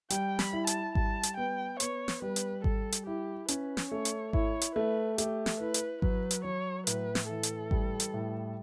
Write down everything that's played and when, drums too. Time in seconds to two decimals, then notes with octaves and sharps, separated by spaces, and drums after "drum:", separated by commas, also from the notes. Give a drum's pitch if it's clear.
0.10 G3 G5, drum: hi-hat
0.39 B5, drum: snare
0.53 E4
0.67 A5, drum: hi-hat
0.95 G3 A5, drum: kick G#1
1.23 drum: hi-hat
1.37 B3 G5
1.80 B3 C#5, drum: hi-hat
2.08 drum: snare
2.22 G3 B4
2.36 drum: hi-hat
2.64 G3 A4, drum: kick G#1
2.92 drum: hi-hat
3.07 E4 G4
3.48 C#4 B4, drum: hi-hat
3.77 drum: snare
3.91 A3 C#5
4.05 drum: hi-hat
4.33 E4 C#5, drum: kick G#1
4.61 drum: hi-hat
4.75 A3 B4
5.18 A3 G4, drum: hi-hat
5.46 drum: snare
5.60 E4 B4
5.74 drum: hi-hat
6.02 F#3 B4, drum: kick G#1
6.31 drum: hi-hat
6.44 F#3 C#5
6.87 A2 B4, drum: hi-hat
7.15 drum: snare
7.29 E3 A4
7.43 drum: hi-hat
7.71 G3, drum: kick G#1
8.00 drum: hi-hat
8.14 A2